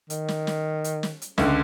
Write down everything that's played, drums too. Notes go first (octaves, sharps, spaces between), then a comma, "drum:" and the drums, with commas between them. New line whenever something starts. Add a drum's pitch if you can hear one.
D#3, drum: hi-hat
drum: snare
drum: snare
drum: hi-hat
drum: snare
drum: hi-hat
C#2 D3 A3, drum: snare